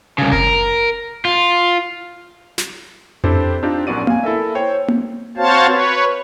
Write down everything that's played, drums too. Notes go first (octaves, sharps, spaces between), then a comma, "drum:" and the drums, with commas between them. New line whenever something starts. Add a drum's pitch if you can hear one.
C2 C#3
A#4, drum: kick F#1
F4
drum: snare
C4 D4 E4 G4 A4 C5, drum: tom F2
C4 D4 D#4 F4 G4
A#1 F#2 B3 F#4 D5 D#7
F5 G#5, drum: tom A#3
E4 A4 A#4 E5
C5 C#5 G5
drum: tom A#3
C4 F#4 C5 C#5 F5 A5
B4 C#5